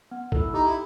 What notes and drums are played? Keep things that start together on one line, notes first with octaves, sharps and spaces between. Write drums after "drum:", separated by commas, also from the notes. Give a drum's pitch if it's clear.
B3
E4 A4, drum: kick
D#4 G4
E4